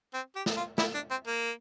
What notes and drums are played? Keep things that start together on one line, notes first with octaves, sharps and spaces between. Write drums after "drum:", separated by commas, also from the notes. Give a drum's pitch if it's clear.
C4
G4
drum: snare
F4
E4, drum: snare
D4
C4
A#3